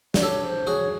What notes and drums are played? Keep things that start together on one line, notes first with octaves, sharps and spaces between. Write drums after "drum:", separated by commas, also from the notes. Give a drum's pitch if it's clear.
D5, drum: snare
G4 A4 C#5
C5
F#4 G#4 C#5